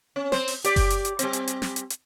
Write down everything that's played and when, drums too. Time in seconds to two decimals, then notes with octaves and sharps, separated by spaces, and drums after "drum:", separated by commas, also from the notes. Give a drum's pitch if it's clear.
0.16 C#4
0.32 C4 C5, drum: snare
0.48 drum: open hi-hat
0.64 G4 D5, drum: hi-hat
0.76 drum: kick F#1, open hi-hat
0.90 drum: hi-hat
1.05 drum: hi-hat
1.19 G3 C4, drum: hi-hat
1.33 drum: hi-hat
1.48 drum: hi-hat
1.62 drum: snare
1.76 drum: hi-hat
1.90 drum: hi-hat